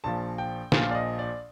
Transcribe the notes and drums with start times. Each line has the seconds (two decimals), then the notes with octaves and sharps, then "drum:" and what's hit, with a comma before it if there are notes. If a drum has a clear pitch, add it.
0.04 A#1 A#2 F3 A5
0.38 G5
0.72 A#1 A#2 F3 F5, drum: snare
0.91 D5
0.95 D#5
1.19 D5